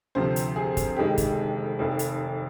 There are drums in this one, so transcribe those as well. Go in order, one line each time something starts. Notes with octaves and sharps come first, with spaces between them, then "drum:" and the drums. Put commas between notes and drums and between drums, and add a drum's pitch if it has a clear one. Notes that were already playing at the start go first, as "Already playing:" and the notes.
D2 C3 F3 C5
drum: hi-hat
G#4
drum: kick, hi-hat
F1 F2 D#3 G#3 G4
drum: kick, hi-hat
F1 F2 D#3
drum: hi-hat